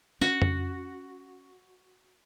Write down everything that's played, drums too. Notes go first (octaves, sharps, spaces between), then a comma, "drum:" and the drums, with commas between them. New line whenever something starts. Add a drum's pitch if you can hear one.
C#4 F#4, drum: tambourine
drum: tom F2